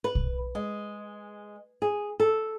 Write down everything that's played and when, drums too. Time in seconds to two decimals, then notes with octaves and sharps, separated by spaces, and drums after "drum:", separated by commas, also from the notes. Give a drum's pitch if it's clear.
0.04 B4
0.15 drum: kick
0.55 G#3
1.82 G#4
2.20 A4